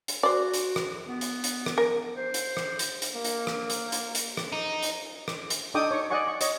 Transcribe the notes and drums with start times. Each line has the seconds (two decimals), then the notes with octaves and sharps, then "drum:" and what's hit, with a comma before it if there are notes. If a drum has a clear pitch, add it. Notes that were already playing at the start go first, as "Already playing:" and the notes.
0.08 drum: hi-hat
0.23 F#4 C5 D5
0.53 drum: hi-hat
0.76 drum: rim click
1.07 B3
1.21 drum: hi-hat
1.44 drum: hi-hat
1.66 drum: rim click
1.78 A#4
2.17 C5
2.34 drum: hi-hat
2.57 drum: rim click
2.79 drum: hi-hat
3.02 drum: hi-hat
3.15 A#3
3.24 drum: hi-hat
3.47 drum: rim click
3.70 drum: hi-hat
3.92 drum: hi-hat
4.15 drum: hi-hat
4.37 drum: rim click
4.52 D#4
4.83 drum: hi-hat
5.28 drum: rim click
5.50 drum: hi-hat
5.74 D4 D#4 A4 G5 D6 D#6
5.91 C#5 C#6
6.10 D5 D#5 F#5 G#5 C#6
6.27 C#6
6.41 C#5 D#5, drum: hi-hat